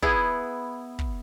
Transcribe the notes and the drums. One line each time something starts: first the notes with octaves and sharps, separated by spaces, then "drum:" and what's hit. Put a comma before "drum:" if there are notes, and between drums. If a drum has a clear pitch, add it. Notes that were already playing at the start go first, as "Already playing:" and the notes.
B3 E4 G#4, drum: kick
drum: kick